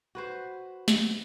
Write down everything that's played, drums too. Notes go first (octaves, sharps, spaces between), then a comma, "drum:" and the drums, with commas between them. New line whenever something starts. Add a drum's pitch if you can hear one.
F#4 B4 C5
drum: snare